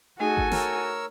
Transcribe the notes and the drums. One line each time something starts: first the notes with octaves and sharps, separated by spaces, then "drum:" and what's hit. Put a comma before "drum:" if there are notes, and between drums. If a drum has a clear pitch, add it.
A3 D#4 F#4 G#4 A4 D#5 G#5
drum: kick G#1
A#4 C#5 E6, drum: snare